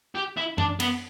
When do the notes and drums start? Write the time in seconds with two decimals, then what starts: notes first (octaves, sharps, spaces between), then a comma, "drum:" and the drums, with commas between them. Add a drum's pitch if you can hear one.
0.15 G4
0.37 E4
0.58 D4, drum: tom F#2
0.80 B3, drum: cymbal